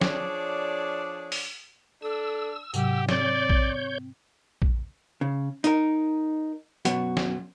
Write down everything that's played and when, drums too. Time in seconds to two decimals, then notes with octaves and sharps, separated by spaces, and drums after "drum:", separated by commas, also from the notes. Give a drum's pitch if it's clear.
0.01 F3 D4 G#4 C#5 D5, drum: snare
1.32 drum: open hi-hat
2.02 D4 A4 E6
2.74 G#2 C3 F#3 G4 F#5, drum: tambourine
3.09 C4 C#5 D5 G6, drum: snare
3.49 drum: kick A#1
4.62 drum: kick A#1
5.21 C#3
5.64 D#4 A#4, drum: hi-hat
6.85 F#2 B2 F#4, drum: hi-hat
7.17 drum: snare